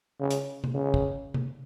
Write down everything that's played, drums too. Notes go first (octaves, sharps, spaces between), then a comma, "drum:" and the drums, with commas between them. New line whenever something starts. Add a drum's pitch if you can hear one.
C#3
drum: hi-hat
drum: tom C3
C#3
drum: kick
drum: tom C3